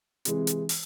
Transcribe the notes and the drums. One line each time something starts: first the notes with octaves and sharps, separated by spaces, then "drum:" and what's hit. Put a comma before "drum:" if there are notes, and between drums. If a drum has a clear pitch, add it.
C3 E3 G#3, drum: hi-hat
drum: hi-hat
drum: open hi-hat